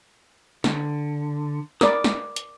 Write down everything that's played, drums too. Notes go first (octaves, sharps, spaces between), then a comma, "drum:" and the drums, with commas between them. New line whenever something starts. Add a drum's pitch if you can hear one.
D3, drum: snare
A#4 D5 B5 D6 D#6, drum: snare
drum: snare
drum: hi-hat